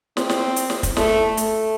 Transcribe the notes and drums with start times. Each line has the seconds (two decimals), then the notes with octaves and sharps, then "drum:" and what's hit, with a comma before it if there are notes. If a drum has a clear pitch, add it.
0.17 C4, drum: snare
0.30 drum: snare
0.56 drum: hi-hat
0.70 drum: snare
0.83 drum: kick, hi-hat
0.97 A3, drum: snare
1.37 A3, drum: hi-hat